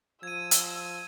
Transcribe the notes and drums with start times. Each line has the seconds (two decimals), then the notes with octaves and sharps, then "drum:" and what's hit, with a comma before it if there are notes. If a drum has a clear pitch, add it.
0.23 F3 E6 G#6 D#7
0.51 drum: hi-hat